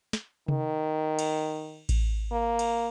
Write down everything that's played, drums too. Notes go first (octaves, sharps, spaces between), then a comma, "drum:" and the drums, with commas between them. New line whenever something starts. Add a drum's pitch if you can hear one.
drum: snare
D#3, drum: tom C3
drum: cymbal
drum: kick A1, cymbal
A#3
drum: cymbal